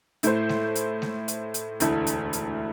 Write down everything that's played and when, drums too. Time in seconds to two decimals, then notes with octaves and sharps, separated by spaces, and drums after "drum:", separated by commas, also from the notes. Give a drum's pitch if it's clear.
0.23 A2 A3 E4 C5, drum: hi-hat
0.49 drum: snare G#3
0.76 drum: hi-hat
1.02 drum: snare G#3
1.28 drum: hi-hat
1.54 drum: hi-hat
1.80 E1 D2 D3 A3 E4, drum: hi-hat
2.07 drum: hi-hat
2.33 drum: hi-hat